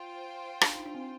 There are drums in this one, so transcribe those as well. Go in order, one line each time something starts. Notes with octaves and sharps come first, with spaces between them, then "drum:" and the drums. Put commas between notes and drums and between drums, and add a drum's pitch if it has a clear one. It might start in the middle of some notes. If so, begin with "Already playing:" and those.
Already playing: F4 C5 G5
D4, drum: rim click
D#4
D4
C4